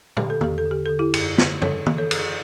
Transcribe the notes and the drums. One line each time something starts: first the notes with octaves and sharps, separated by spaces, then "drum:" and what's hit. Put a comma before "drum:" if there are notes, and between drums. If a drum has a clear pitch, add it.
D3 G4, drum: tom A#2
A4
E2 G4, drum: tom
A4
D3
G4
D3 A4
E4 G4
F#2, drum: cymbal
D3, drum: snare
C#3 A4 C#5, drum: tom F#2
E3, drum: tom
A4 C#5
F#2, drum: cymbal